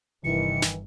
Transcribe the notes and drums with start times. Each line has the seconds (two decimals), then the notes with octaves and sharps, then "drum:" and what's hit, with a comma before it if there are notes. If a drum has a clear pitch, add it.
0.24 G1 C3 D#3 E3 C#7
0.62 drum: snare